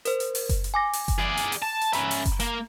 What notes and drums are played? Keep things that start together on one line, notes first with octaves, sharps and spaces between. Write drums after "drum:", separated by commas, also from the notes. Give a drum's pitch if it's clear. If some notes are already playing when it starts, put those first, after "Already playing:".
A#4 C5, drum: hi-hat
drum: hi-hat
drum: open hi-hat
drum: kick F#1, hi-hat
drum: hi-hat
G#5 D6 A#6
drum: open hi-hat
drum: kick F#1, hi-hat
G#4 D5
drum: hi-hat
drum: open hi-hat
A5
drum: hi-hat
C#4 E5 A#5 B5, drum: hi-hat
drum: open hi-hat
drum: kick F#1, hi-hat
A#3, drum: hi-hat